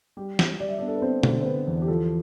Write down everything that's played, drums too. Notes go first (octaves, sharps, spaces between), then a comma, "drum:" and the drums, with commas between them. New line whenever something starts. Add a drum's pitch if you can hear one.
G3 G4
G3, drum: snare
G3 D5
E5
B3 D4 D5
A4
B4
B3 C4 C5
D3, drum: tom B2
C5
D3 B3 B4
E2
G4
F3 A4